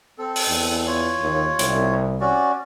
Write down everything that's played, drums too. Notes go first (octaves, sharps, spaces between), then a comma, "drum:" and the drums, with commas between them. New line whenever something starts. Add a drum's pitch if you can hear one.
C4 A4
drum: open hi-hat
E2
F4 C#5
D#2
C2, drum: hi-hat
C#4 F#4 D5